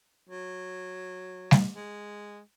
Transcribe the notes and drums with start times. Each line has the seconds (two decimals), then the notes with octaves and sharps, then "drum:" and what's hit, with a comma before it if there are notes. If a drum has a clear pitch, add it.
0.29 F#3
1.51 drum: snare G3
1.76 G#3